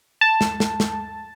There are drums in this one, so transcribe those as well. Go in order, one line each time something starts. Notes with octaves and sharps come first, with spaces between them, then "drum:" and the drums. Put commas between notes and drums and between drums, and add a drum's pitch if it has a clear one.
A5
drum: snare
drum: snare
drum: snare